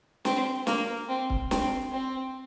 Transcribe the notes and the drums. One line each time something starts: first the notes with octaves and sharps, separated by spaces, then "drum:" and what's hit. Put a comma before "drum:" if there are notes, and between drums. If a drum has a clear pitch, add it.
C4, drum: snare
A#3, drum: snare
C4
drum: kick C#1
C4, drum: snare
C4